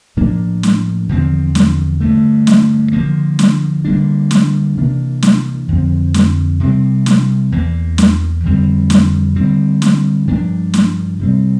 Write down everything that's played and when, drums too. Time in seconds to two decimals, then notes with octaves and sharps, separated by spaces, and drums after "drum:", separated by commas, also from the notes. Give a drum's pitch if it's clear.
0.17 A2 F3 A#3 D4
0.63 drum: snare
1.09 E2 D3 F3 C4
1.55 drum: snare
2.00 G2 D3 A3
2.47 drum: snare
2.93 D3 F3 A#3
3.39 drum: snare
3.85 D3 G3 A#3 D4
4.31 drum: snare
4.77 C3 E3 A#3 D4
5.22 drum: snare
5.68 F2 D3 F3 C4
6.14 drum: snare
6.60 C3 G3 C4
7.06 drum: snare
7.52 E2 E3 A#3
7.98 drum: snare
8.44 F2 D3 G3 C4
8.90 drum: snare
9.35 D3 G3 C4
9.82 drum: snare
10.28 G2 F3 A#3 D4
10.74 drum: snare
11.19 C3 G3 C4